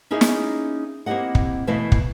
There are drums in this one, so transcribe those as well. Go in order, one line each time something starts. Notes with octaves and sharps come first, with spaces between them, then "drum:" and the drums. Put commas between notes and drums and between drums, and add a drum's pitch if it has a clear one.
A#3 C#4 D#4 E4 G#4 D#5
drum: snare
A#3 C4 E4 G4 D#5 F#5
drum: kick
B2 E3 A3 E4 D#5 F5
drum: kick